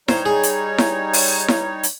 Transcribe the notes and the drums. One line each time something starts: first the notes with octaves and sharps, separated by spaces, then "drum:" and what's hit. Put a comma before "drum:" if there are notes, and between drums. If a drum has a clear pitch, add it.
G3 D#4 C5 C#5, drum: snare E4
G#4
drum: hi-hat
drum: snare E4
drum: open hi-hat
drum: snare E4
drum: hi-hat